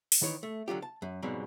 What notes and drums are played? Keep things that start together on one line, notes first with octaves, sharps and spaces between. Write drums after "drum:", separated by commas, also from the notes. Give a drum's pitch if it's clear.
drum: open hi-hat
D#3 E3 C#5
A3
D3 F#3 F4 G4
A5
F#2
F2 G#2 B2 F#3 G3